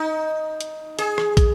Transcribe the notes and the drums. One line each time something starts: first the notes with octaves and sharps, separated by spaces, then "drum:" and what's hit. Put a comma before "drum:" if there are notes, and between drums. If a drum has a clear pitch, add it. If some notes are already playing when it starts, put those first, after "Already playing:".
Already playing: D#4
drum: hi-hat
G#4, drum: hi-hat
drum: rim click
drum: kick, hi-hat